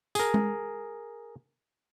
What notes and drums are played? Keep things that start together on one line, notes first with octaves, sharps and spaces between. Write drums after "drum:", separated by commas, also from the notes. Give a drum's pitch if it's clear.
G#4 A#4, drum: tambourine
drum: tom G#3